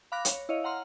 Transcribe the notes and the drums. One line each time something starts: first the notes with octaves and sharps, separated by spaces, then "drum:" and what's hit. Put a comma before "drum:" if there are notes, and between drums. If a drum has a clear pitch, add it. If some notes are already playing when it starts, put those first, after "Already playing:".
F5 B5 D6 F#6 A#6
C#5, drum: hi-hat
E4 C#5 D#5 F5
F#5 A#5 C6 F6